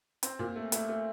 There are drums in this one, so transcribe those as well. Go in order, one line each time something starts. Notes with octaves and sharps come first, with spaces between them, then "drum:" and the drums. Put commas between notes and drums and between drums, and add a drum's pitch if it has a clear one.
C4, drum: hi-hat
A#2
A3
A3, drum: hi-hat
A3